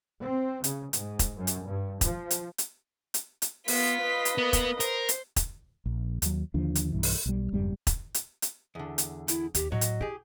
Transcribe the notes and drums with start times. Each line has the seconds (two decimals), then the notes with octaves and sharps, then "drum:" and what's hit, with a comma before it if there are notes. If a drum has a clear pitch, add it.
0.21 C4
0.64 C#3, drum: hi-hat
0.93 G#2, drum: hi-hat
1.19 drum: kick E1, hi-hat
1.38 F#2
1.47 drum: hi-hat
1.67 G2
2.01 F3, drum: kick E1, hi-hat
2.31 drum: hi-hat
2.58 drum: hi-hat
3.14 drum: hi-hat
3.42 drum: hi-hat
3.68 B3 F4 B6, drum: open hi-hat
4.02 B4 D#5
4.25 drum: hi-hat
4.38 A#3 B3
4.53 drum: kick E1, hi-hat
4.80 A#4 C5, drum: hi-hat
5.09 drum: hi-hat
5.36 drum: kick E1, hi-hat
5.86 A#1
6.22 D#2 F#3, drum: hi-hat
6.54 D#2 D3 F3 D4
6.75 drum: hi-hat
6.93 B1 G2 E3
7.03 drum: open hi-hat
7.26 B1 G3
7.53 F#1 F2 G#2 G3
7.87 drum: kick E1, hi-hat
8.14 drum: hi-hat
8.42 drum: hi-hat
8.75 E2 D3
8.98 drum: hi-hat
9.28 E4, drum: hi-hat
9.55 D#2 G4, drum: hi-hat
9.72 A2 F#3 D#5
9.81 drum: hi-hat
10.01 E4 G4 G#4